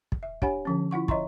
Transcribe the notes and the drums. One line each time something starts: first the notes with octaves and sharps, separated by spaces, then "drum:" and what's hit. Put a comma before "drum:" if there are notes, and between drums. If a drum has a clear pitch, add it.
drum: kick
E5
D4 G4 C#5 F#5 G#5 B5, drum: kick
D3 F3 C#4
E4 F4 F#5 C#6
C#5 D#5 E5 A#5 C6 C#6, drum: kick